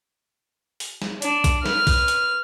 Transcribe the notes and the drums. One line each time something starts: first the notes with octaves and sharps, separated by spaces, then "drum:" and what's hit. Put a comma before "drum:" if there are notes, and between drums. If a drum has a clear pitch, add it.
drum: open hi-hat
drum: snare
D4, drum: hi-hat
drum: kick, hi-hat
B4 F6, drum: snare
drum: kick, open hi-hat
drum: hi-hat